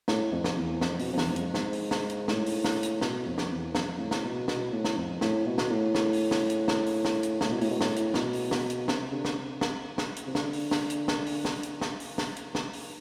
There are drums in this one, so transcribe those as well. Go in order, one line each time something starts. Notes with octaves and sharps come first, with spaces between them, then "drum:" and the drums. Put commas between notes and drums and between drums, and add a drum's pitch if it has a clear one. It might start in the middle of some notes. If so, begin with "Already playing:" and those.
A2, drum: snare
F2
drum: snare
E2
F2, drum: snare
B2, drum: open hi-hat
F2
E2, drum: snare
G#2
F2, drum: hi-hat
G#2, drum: snare
drum: open hi-hat
drum: snare
drum: hi-hat
A2, drum: snare
drum: open hi-hat
drum: snare
drum: hi-hat
B2, drum: snare
F2
drum: snare
E2
F2, drum: snare
A2
drum: snare
B2
B2, drum: snare
A2
drum: snare
F2
A2, drum: snare
B2
drum: snare
A2
drum: snare
drum: open hi-hat
drum: snare
drum: hi-hat
drum: snare
drum: open hi-hat
drum: snare
drum: hi-hat
A2, drum: snare
B2
A2, drum: open hi-hat
B2
A2, drum: snare
drum: hi-hat
B2, drum: snare
drum: open hi-hat
drum: snare
drum: hi-hat
C3, drum: snare
D3
drum: snare
C3
drum: snare
drum: snare
drum: hi-hat
C3
D3, drum: snare
drum: open hi-hat
drum: snare
drum: hi-hat
drum: snare
drum: open hi-hat
drum: snare
drum: hi-hat
drum: snare
drum: open hi-hat
drum: snare
drum: hi-hat
drum: snare
drum: open hi-hat